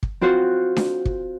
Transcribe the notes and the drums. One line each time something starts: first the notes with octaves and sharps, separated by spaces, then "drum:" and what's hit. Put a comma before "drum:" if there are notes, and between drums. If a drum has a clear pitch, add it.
drum: kick
C4 F4 F#4 C5
drum: snare D4
drum: kick